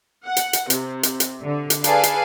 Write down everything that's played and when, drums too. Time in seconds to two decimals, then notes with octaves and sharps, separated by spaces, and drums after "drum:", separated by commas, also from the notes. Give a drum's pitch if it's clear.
0.25 F#5
0.37 drum: hi-hat
0.53 drum: hi-hat
0.70 C3, drum: hi-hat
1.03 drum: hi-hat
1.20 drum: hi-hat
1.44 D3
1.70 drum: hi-hat
1.84 G#4 A4 B4 D5 F5, drum: hi-hat
2.03 drum: hi-hat